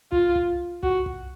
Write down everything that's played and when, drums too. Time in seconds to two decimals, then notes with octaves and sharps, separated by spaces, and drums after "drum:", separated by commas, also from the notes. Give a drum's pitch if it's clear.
0.12 F4, drum: kick
0.36 drum: kick
0.83 F#4, drum: kick
1.06 drum: kick